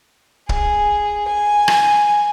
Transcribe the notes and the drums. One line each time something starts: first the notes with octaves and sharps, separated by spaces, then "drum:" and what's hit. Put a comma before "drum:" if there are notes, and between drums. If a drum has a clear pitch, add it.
G#4, drum: kick
G#5
drum: rim click